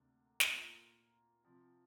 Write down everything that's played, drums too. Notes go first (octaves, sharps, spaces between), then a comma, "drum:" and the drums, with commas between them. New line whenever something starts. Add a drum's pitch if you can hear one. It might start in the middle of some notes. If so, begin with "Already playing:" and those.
Already playing: D2 C3 A#3 D4
drum: snare
A#2 A#3 F4 A#4
C3 F3 C4